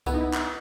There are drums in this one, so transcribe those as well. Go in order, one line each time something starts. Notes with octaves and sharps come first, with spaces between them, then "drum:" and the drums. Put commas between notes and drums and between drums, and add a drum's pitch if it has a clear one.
B3 E4, drum: kick C2, tambourine
D#4
E4
drum: clap